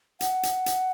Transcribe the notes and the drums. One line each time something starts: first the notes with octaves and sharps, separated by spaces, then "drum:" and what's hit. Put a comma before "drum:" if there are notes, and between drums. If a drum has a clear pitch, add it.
F#5, drum: hi-hat
drum: hi-hat
drum: hi-hat